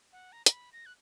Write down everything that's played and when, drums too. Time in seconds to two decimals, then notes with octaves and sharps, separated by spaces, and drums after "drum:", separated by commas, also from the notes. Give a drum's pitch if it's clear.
0.12 F#5
0.32 A#5
0.46 A#5, drum: hi-hat
0.52 B5
0.73 A#6
0.86 F#6